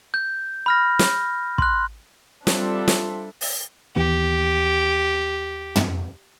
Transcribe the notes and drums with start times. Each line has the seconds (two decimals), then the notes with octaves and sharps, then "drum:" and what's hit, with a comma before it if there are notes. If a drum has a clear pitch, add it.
0.14 G6
0.66 B5 F6 A#6
0.99 drum: snare
1.58 C6 F#6, drum: kick
2.47 G3 C4 D4 F4 A4 E5, drum: snare
2.88 drum: snare
3.41 drum: open hi-hat
3.96 D#2 E3 B3 G4
5.76 drum: tom